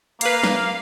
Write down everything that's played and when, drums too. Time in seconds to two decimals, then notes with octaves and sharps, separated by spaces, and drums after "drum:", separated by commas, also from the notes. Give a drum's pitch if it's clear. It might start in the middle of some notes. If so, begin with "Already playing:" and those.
0.21 A#3 B4 F5 C7, drum: hi-hat
0.44 drum: snare